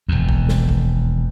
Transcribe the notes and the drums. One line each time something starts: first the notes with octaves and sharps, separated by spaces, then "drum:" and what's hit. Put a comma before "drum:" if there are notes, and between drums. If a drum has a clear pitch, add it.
E1 D#2
drum: kick
drum: snare
drum: kick